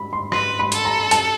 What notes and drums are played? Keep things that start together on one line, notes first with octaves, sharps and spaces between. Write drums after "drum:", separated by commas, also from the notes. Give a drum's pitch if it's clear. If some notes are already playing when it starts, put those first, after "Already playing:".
Already playing: B5
C6
B4 C6, drum: rim click
B5
A4, drum: hi-hat
A#5
A5, drum: hi-hat